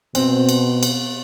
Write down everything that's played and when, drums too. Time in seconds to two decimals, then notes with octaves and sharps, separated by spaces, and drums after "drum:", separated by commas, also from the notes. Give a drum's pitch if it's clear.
0.15 B2 C4, drum: cymbal
0.49 drum: cymbal
0.83 drum: cymbal